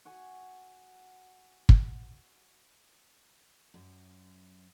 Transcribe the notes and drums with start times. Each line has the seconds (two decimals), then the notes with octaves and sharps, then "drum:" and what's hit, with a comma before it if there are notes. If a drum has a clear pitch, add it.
0.05 F#4 G#5 C#6
1.69 drum: kick
3.74 F#2